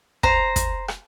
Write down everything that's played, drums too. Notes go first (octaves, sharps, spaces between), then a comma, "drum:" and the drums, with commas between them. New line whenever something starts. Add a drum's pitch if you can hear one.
C5 A#5, drum: kick
drum: kick, hi-hat
drum: rim click